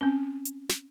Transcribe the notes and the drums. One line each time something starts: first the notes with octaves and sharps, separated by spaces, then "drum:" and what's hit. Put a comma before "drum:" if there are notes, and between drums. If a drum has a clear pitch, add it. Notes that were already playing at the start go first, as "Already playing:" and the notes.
C4 C#4
drum: hi-hat
drum: snare